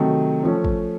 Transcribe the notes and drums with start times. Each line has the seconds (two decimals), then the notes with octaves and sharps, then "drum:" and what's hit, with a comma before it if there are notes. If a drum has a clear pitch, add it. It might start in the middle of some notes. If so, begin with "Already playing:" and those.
Already playing: C3 D#3 F#3 A3
0.43 F3 A3 C#4
0.65 drum: kick